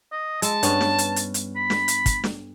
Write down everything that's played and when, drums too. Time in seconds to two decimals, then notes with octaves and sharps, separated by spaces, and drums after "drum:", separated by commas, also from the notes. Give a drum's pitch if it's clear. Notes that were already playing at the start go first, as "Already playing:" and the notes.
0.12 D#5
0.42 G#3 A5, drum: hi-hat
0.63 G2 B3 C#4, drum: hi-hat
0.81 drum: snare
0.98 drum: hi-hat
1.16 drum: hi-hat
1.34 drum: hi-hat
1.56 B5
1.70 drum: snare
1.88 drum: hi-hat
2.06 drum: kick, hi-hat
2.24 drum: snare